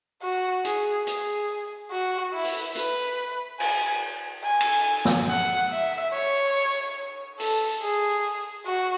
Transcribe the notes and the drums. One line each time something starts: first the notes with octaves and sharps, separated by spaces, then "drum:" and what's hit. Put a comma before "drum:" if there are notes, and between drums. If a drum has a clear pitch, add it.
F#4
G#4, drum: hi-hat
G#4, drum: hi-hat
F#4
E4
drum: open hi-hat
B4, drum: hi-hat
G#5, drum: cymbal
G#5
drum: cymbal
drum: snare
F#5
E5
C#5
A4, drum: open hi-hat
G#4
F#4